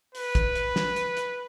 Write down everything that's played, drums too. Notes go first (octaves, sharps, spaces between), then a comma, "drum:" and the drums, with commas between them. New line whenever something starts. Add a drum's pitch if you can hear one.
B4, drum: open hi-hat
drum: kick, hi-hat
drum: hi-hat
drum: snare
drum: hi-hat
drum: hi-hat